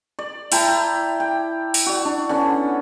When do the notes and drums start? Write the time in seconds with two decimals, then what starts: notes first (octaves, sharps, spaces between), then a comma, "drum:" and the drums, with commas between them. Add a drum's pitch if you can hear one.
0.19 D5
0.52 E4 G5 A5 A#5, drum: open hi-hat
1.20 G5
1.74 drum: open hi-hat
1.86 F#4 D5
2.05 D4
2.29 D3 B3 C#4